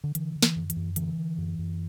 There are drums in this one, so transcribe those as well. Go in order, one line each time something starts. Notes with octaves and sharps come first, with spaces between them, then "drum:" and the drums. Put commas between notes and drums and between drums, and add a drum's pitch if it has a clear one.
D3
D3 E3, drum: hi-hat
D3
E3, drum: snare
F#2
E3, drum: hi-hat
F#2
D3 E3, drum: hi-hat
D3
F#2
F#2